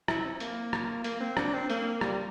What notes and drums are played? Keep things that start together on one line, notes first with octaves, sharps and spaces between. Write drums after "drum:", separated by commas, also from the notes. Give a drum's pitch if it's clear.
E4, drum: rim click
C4
A#3, drum: hi-hat
drum: rim click
A#3, drum: hi-hat
C4
D4, drum: rim click
C4
A#3, drum: hi-hat
G3, drum: rim click